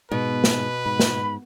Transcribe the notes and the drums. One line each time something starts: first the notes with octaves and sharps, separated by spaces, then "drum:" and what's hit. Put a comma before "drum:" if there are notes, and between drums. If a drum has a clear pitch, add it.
G#2 B2 B4
drum: snare
G#2 B5
drum: snare